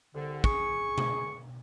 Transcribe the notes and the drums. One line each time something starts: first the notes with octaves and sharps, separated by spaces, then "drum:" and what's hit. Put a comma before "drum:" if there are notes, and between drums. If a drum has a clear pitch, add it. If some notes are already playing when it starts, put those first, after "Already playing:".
C2 D3
G#4 C#6, drum: kick
drum: tom B2